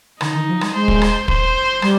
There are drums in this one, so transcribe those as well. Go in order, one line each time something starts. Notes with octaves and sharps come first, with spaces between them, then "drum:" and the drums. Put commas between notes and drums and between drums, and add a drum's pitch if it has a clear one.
D3 D#4, drum: rim click
D#3
F3
G3, drum: rim click
G#3 C5
drum: kick
drum: rim click
C5, drum: kick
G3, drum: rim click